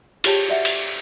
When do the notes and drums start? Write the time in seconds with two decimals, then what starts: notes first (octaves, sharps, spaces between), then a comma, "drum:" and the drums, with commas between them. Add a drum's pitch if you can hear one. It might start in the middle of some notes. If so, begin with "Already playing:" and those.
0.24 F4 G4 G#4 C#5 G5 A5, drum: cymbal
0.48 F#4 D5 E5 F#5
0.65 drum: cymbal